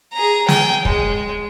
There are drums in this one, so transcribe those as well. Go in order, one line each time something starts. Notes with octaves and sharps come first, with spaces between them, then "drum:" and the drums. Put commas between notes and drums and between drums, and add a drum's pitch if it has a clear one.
G#4 A#5
G5 G#5, drum: snare
G#3, drum: kick